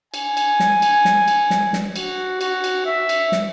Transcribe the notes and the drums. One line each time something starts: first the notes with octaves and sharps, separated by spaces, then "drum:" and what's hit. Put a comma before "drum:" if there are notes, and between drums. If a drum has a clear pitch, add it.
G#5, drum: cymbal
drum: cymbal
drum: snare
drum: cymbal
drum: snare
drum: cymbal
drum: snare
drum: snare
F#4, drum: cymbal
F#4, drum: cymbal
drum: cymbal
E5
drum: cymbal
drum: snare